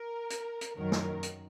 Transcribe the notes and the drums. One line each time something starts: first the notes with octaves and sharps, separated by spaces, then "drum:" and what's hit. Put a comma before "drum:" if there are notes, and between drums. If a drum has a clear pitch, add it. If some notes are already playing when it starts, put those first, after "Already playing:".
Already playing: A#4
drum: hi-hat
drum: hi-hat
F#2 D#3 F#3 A#4
drum: snare
drum: hi-hat